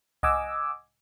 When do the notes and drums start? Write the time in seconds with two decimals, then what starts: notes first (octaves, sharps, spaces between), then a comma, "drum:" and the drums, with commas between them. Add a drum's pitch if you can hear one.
0.23 D#5 F#5 G#5 D6 E6, drum: kick C2